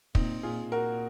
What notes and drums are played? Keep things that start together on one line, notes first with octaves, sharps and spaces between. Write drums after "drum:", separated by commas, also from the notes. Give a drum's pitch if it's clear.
A#2 C4 D#4, drum: kick
A#2 F4 G#4
A#2 F#4 A#4